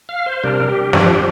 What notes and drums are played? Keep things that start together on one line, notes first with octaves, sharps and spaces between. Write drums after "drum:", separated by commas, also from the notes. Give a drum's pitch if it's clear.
F5
C5
C3 G3 D4 A#4
G4
G2 F3 D4 G4, drum: snare